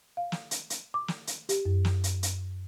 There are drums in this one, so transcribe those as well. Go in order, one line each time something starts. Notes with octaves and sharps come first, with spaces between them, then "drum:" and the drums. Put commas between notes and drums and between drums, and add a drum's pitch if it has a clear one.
F5
drum: snare
drum: hi-hat
drum: hi-hat
D6
drum: snare
drum: hi-hat
G4, drum: hi-hat
F#2
drum: snare
drum: hi-hat
drum: hi-hat